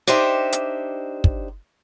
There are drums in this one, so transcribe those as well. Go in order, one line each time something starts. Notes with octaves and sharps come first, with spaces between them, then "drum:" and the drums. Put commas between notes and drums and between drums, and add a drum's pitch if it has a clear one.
D4 D#4 G4 C5 E5
drum: hi-hat
drum: kick